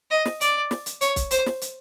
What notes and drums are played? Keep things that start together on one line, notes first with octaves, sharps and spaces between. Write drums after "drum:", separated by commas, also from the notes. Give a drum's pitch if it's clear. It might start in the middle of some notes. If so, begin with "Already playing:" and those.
D#5
drum: snare
D5, drum: hi-hat
drum: snare
drum: hi-hat
C#5, drum: hi-hat
drum: kick, hi-hat
C5, drum: hi-hat
drum: snare
drum: hi-hat